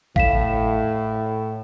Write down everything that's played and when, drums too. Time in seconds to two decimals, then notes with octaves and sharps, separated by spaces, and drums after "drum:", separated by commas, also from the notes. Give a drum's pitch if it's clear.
0.16 A2 F5 B6 E7, drum: kick